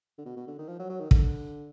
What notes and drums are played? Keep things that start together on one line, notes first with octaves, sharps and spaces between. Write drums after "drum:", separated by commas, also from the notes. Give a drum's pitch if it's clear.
D3
B2
B2
D3
D#3
F3
F#3
F#3
D#3
D3, drum: kick